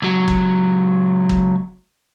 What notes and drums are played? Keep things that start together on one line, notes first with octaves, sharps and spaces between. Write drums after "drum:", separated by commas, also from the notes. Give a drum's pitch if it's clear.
C#2 F#3
drum: kick
drum: kick